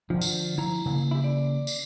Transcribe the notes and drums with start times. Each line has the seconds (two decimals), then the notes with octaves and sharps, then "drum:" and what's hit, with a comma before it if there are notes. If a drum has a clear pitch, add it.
0.10 D3 F3 D4
0.21 drum: tambourine
0.58 F3 E4 A#5
0.86 C#3 E3 A#3
1.11 E4 G4
1.24 D5
1.67 drum: tambourine